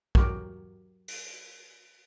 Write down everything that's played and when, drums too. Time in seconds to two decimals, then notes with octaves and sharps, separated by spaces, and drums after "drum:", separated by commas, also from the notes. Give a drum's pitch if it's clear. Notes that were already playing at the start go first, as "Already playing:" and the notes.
0.15 F#3 F#4 G4 A#4, drum: kick
1.08 drum: open hi-hat